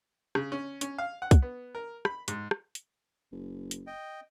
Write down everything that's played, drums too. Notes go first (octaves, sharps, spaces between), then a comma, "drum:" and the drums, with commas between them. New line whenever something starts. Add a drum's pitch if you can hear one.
C#3, drum: rim click
C#4
C#4, drum: hi-hat
F5
F#5
drum: kick, hi-hat
B3
A#4
B5, drum: rim click
G#2, drum: hi-hat
drum: rim click
drum: hi-hat
F#1
drum: hi-hat
D#5 G5